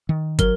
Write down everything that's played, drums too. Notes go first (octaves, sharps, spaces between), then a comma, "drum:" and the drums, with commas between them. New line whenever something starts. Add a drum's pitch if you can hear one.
D#3
F#3 A#4, drum: kick, hi-hat